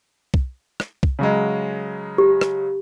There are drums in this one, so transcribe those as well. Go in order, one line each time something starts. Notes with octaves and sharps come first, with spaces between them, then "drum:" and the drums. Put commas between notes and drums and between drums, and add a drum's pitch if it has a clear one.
drum: kick
drum: rim click
drum: kick
C#3 F#3 G#3
G4
drum: rim click